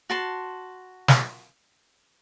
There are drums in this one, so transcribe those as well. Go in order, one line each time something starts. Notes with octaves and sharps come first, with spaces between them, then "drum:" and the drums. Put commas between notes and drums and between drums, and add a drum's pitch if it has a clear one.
F#4 A5 C6
drum: snare